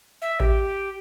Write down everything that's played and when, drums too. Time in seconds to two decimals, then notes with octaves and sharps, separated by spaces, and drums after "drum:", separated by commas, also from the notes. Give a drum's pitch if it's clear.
0.22 E5
0.40 G4, drum: kick A1